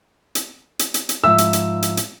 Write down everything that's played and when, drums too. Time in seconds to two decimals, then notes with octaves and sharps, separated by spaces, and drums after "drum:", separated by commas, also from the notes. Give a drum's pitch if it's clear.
0.35 drum: hi-hat
0.79 drum: hi-hat
0.94 drum: hi-hat
1.09 drum: hi-hat
1.24 G#2 F3 E5 E6
1.38 drum: hi-hat
1.53 drum: hi-hat
1.82 drum: hi-hat
1.97 drum: hi-hat